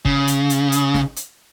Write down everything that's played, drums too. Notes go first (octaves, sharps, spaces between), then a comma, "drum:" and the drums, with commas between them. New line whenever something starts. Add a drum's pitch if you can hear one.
C#3, drum: kick
drum: hi-hat
drum: hi-hat
drum: hi-hat
drum: snare
drum: hi-hat